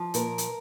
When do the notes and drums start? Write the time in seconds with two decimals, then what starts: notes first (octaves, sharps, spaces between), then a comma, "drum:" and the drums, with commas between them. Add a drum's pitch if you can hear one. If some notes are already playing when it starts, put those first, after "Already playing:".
Already playing: F3
0.14 A#2 A#4, drum: hi-hat
0.38 drum: hi-hat